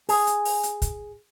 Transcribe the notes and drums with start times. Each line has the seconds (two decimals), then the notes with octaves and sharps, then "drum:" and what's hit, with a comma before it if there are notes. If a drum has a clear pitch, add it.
0.09 G#4, drum: open hi-hat
0.27 drum: hi-hat
0.45 drum: open hi-hat
0.63 drum: hi-hat
0.82 drum: kick, hi-hat